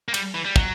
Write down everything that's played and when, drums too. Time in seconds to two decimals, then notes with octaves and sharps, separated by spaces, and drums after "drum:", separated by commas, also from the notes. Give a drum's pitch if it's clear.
0.08 A#3
0.14 G3, drum: cymbal
0.35 E3
0.45 G3
0.56 F#3, drum: kick